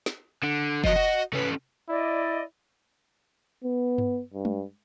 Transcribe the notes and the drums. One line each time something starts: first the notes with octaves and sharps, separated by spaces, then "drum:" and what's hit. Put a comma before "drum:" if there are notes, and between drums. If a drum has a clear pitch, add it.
drum: snare
D3
F3 F#3 D#5, drum: kick
F#4
A3 C#4 B4, drum: tom C3
E4 D5 D#5
B3
drum: tom G2
G2
drum: tom G#3